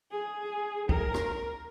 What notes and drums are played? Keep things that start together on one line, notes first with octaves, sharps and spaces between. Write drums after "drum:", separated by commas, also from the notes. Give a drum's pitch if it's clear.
G#4
A#4, drum: kick
drum: rim click